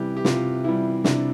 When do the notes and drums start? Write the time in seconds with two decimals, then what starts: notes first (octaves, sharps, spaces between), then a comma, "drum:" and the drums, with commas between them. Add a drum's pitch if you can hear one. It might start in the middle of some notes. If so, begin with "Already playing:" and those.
Already playing: C3 E3 G3 G4 B4
0.17 G4
0.25 C3 F4, drum: snare
0.64 E3 G3 E4
1.04 C3 D4, drum: snare